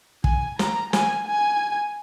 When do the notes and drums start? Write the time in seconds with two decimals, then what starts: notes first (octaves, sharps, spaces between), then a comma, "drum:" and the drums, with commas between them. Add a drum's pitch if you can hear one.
0.24 G#5, drum: kick
0.59 A#5, drum: snare
0.93 G#5, drum: snare
1.27 G#5